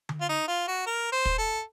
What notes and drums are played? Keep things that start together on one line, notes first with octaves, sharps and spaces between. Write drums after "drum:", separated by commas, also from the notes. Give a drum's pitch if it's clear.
drum: tom D3
F4
D#4
F4
F#4
A#4
C5
drum: kick
A4